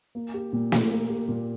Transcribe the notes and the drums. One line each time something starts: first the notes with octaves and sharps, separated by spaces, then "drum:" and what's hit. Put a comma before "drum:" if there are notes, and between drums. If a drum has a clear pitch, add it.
A#3
G4
A#2
A#2, drum: snare
A#3
G4
A#2